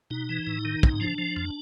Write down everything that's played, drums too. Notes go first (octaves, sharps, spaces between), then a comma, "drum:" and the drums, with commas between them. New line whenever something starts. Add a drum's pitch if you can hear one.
B2 D#4
E3
A2
D#3
G#2, drum: kick
F3 D4
F3
F2